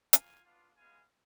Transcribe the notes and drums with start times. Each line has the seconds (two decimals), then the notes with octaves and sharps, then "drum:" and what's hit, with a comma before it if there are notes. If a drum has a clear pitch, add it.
0.13 A#3 F4 F5 G#5, drum: hi-hat
0.45 B3 D4 F4
0.76 G#3 B3 F4 F5 G#5